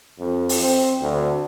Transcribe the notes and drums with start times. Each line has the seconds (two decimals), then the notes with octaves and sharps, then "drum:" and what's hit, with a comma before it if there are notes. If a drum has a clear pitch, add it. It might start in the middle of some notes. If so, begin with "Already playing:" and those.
0.19 F2
0.49 drum: open hi-hat
0.61 C4
1.00 D2